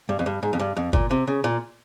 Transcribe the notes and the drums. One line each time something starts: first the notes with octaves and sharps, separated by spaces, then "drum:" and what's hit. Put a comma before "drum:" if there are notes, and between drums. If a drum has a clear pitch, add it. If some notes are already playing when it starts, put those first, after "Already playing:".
G2
F2
G2
G#2
F2
G2
F2
A#2, drum: kick
C3
C#3
A#2